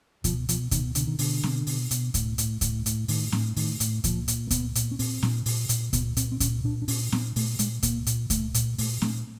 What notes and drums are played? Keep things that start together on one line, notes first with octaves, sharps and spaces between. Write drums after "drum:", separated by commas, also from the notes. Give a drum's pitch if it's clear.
B2 F3, drum: kick C#2, hi-hat
B2 F3, drum: hi-hat
B2 D#3, drum: kick C#2, hi-hat
B2 D3, drum: hi-hat
D#3
B2 D3, drum: open hi-hat
B2, drum: snare C4
B2, drum: open hi-hat
B2, drum: hi-hat
A2, drum: kick C#2, hi-hat
A2, drum: hi-hat
A2, drum: kick C#2, hi-hat
A2, drum: hi-hat
A2 D#3, drum: open hi-hat
A2, drum: snare C4
A2 D#3, drum: open hi-hat
A2, drum: hi-hat
A#2 F3, drum: kick C#2, hi-hat
A#2, drum: hi-hat
A#3
A#2 B3, drum: kick C#2, hi-hat
A#2, drum: hi-hat
C#4
A#2 C4, drum: open hi-hat
A#2, drum: snare C4
A#2, drum: open hi-hat
A#2, drum: hi-hat
A#2 B3, drum: kick C#2, hi-hat
A#2 C4, drum: hi-hat
C4
A#2 C#4, drum: kick C#2, hi-hat
A#2 D4
D4
A#2 C#4, drum: open hi-hat
A#2 B3, drum: snare C4
A#2 A3, drum: open hi-hat
A#2 G#3, drum: hi-hat
A#2 A#3, drum: kick C#2, hi-hat
A#2, drum: hi-hat
A#2 A3, drum: kick C#2, hi-hat
A#2, drum: hi-hat
A#2 A3, drum: open hi-hat
A#2 A3, drum: snare C4